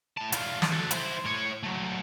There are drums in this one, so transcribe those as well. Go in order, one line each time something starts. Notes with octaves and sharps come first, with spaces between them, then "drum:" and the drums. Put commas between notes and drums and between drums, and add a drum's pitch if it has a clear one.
A2 A5
E2 F4, drum: hi-hat
drum: snare
F#4 A4
E4 C5, drum: hi-hat
A2 C#5
F#3 A3